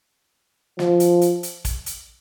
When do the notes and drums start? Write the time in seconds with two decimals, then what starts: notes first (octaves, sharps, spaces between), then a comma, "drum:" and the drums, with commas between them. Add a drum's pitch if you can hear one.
0.79 F3, drum: snare
1.00 drum: hi-hat
1.21 drum: hi-hat
1.43 drum: hi-hat
1.65 drum: kick, hi-hat
1.86 drum: hi-hat